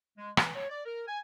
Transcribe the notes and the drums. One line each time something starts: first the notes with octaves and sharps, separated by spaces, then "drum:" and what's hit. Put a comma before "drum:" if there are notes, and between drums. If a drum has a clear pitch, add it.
G#3
E3, drum: rim click
C#5
D5
A#4
G#5